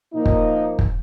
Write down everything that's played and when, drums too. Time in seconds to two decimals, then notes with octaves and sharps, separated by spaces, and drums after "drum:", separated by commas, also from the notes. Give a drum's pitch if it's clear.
0.13 A#2 F3 A#3 D#4
0.26 drum: kick
0.79 drum: kick